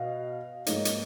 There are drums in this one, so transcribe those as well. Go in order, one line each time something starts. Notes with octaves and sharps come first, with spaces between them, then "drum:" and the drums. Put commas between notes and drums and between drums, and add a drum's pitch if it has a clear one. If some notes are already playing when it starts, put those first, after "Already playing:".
Already playing: B2 D#5 F5
G#2 F3 A#3 C#5 D#5, drum: hi-hat
drum: hi-hat